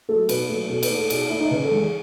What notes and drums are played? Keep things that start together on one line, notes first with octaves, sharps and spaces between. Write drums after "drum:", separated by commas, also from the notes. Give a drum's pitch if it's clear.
F#3 A3 A4
B2 B4, drum: cymbal
F#3 A3
B2 A4
B4, drum: cymbal
A3
A4
B2 G#4, drum: cymbal
A3 E4
D#4
C#3 B4
A4
E3 G#3
G#4